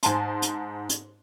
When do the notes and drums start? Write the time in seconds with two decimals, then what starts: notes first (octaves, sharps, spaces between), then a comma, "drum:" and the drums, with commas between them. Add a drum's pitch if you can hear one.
0.03 G#2 C5 G#5 A5 C6, drum: hi-hat
0.42 drum: hi-hat
0.89 drum: hi-hat